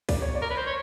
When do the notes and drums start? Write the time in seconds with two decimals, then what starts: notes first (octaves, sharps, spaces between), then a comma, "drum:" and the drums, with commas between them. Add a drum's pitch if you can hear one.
0.09 D5, drum: kick C2, open hi-hat
0.22 C#5
0.35 D5
0.42 A#4
0.50 B4
0.57 C5
0.67 C#5